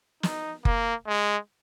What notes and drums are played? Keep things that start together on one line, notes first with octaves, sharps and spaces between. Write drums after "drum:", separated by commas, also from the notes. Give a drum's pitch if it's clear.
D#4, drum: snare
A#3, drum: kick F#1
G#3